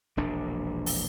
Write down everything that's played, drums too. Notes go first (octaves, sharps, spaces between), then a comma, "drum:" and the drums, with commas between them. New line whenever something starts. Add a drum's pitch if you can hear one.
E1 A#1 D4
drum: open hi-hat